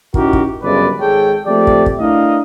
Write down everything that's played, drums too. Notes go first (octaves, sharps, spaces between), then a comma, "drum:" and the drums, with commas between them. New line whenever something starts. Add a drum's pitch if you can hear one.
C#4 D#4 E4 F#4 G4 A#4, drum: kick
drum: kick
G1 F#2 C#3 G#3 B4 D5
G#1 G#2 G#4 A4 C#5 G5
F3 A3 C4 G4 D5
drum: kick
drum: kick
A3 D4 E4 A#4 D#5 F5